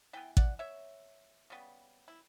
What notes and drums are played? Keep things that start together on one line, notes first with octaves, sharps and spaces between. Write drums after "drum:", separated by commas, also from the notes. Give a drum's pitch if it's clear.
E3 B3 E5 G5
D5 F#5, drum: kick A1
C#5 E5
C#3 G3 B3
E4